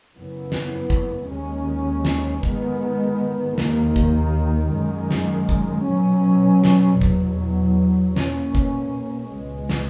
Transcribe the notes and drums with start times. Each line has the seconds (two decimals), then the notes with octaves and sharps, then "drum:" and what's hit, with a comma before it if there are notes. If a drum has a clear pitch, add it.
0.13 F#2 C#3 E3 B3
0.52 drum: snare
0.90 drum: kick
1.28 D#2 D#3 G#3 C#4
2.05 drum: snare
2.43 G#2 D#3 G#3 B3, drum: kick
3.58 D#2 D#3 A#3, drum: snare
3.96 drum: kick
4.72 F#2 D#3 G#3
5.11 drum: snare
5.49 drum: kick
5.87 B2 F#3 C#4
6.64 drum: snare
7.01 E2 B2 F#3, drum: kick
8.16 B2 A#3 C#4, drum: snare
8.55 drum: kick
9.31 C#2 B2 G#3
9.69 drum: snare